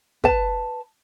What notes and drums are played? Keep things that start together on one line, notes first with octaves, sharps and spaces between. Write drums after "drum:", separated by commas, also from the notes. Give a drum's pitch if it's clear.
B4 A5, drum: kick